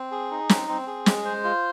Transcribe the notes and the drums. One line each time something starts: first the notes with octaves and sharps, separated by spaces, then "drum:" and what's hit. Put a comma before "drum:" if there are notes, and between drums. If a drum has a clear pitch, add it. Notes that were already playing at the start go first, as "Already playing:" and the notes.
Already playing: C4
G#4
D#4
C4, drum: snare
C4
G#4
G#3, drum: snare
C5
F4